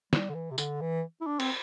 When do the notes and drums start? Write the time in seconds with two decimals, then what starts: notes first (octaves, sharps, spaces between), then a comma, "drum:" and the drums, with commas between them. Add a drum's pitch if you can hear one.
0.13 G3, drum: snare
0.30 D3
0.35 E3
0.51 C3
0.58 D3, drum: tambourine
0.81 E3
1.21 E4
1.27 D4
1.40 C4, drum: cymbal